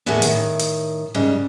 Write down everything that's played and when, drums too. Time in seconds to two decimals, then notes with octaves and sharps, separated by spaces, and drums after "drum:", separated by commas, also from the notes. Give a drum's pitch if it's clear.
0.06 E2 A2 D#3 B3 F#4 G#4
0.22 A2 D#3, drum: hi-hat
0.59 drum: hi-hat
1.14 G#2 C#3 G3